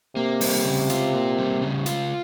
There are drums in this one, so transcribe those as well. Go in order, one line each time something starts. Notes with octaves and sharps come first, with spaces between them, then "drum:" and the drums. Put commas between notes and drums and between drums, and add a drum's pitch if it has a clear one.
C3 A#3
G3, drum: open hi-hat
C#3
F4, drum: hi-hat
A#3
G3
C#3
F4, drum: hi-hat